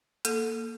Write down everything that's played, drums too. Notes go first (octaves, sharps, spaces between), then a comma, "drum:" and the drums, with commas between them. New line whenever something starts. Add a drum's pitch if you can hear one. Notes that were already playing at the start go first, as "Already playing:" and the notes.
A#3 A4, drum: hi-hat